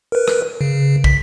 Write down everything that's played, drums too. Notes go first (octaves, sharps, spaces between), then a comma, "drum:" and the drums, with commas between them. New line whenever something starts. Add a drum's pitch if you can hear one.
A#4 B4
drum: rim click
C#3
B6, drum: kick